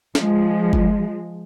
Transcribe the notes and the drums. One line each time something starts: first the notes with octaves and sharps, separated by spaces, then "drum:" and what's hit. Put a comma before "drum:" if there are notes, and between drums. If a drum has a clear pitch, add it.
F3 G#3, drum: snare
drum: kick G1